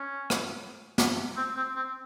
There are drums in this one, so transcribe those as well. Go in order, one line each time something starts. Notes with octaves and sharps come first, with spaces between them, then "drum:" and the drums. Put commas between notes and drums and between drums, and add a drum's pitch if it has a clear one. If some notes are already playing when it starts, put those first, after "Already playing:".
Already playing: C#4
drum: rim click
drum: snare
C4
C4
C4